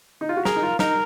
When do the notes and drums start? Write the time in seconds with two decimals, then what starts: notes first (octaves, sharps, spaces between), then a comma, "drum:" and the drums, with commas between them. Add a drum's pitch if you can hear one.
0.21 D#4
0.29 F4
0.37 F#4
0.45 G#4 A#4, drum: snare
0.56 D#4
0.63 F4
0.79 D#4 A#4, drum: snare